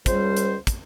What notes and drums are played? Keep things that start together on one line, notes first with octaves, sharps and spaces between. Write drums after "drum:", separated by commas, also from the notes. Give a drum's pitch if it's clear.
C#2 G3 C5, drum: kick, hi-hat
drum: hi-hat
drum: kick, hi-hat